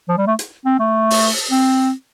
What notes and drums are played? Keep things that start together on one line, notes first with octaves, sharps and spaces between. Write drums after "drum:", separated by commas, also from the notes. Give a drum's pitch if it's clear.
F3
G3
A3
drum: hi-hat
C4
A3
drum: open hi-hat
C4